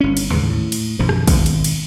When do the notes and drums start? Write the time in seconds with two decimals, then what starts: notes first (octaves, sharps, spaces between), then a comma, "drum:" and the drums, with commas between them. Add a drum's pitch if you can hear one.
0.01 G1 C#4
0.17 drum: cymbal
0.31 D#2 G#2 C#3 E3
0.50 A2
0.72 drum: cymbal
0.99 B1 F#2 D#3 F3
1.09 drum: rim click
1.27 G#1 B2, drum: kick, cymbal
1.46 drum: cymbal
1.64 drum: cymbal